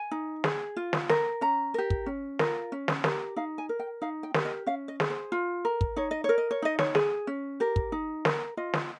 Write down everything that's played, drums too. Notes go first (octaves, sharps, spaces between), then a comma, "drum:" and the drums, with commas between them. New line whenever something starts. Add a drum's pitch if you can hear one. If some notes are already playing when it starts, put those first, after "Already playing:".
Already playing: G#5
D#4
G#4, drum: snare
F4
drum: snare
A#4, drum: snare
C#4 A#5
G4 A#4
drum: kick
C#4
F4 A#4, drum: snare
C#4
drum: snare
G4 A#4, drum: snare
D#4 F5
G#5
A#4
G5
D#4 F5
G5
G4 A#4, drum: snare
D#5
C#4 F5
D#5
G#4, drum: snare
C5
F4
A#4
drum: kick
D#4 C#5
D#5
A#4 C#5
D#5
C#5
D#4 D#5
C#5, drum: snare
G#4, drum: snare
C#4
G4 A#4
drum: kick
D#4
A#4, drum: snare
F4 D#5
drum: snare